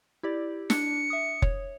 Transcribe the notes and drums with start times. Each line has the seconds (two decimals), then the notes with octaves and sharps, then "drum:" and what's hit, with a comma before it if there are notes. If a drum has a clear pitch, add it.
0.23 E4 G4 D5
0.70 D4 C#7, drum: snare
1.10 E5 D#6
1.42 C#5, drum: kick F1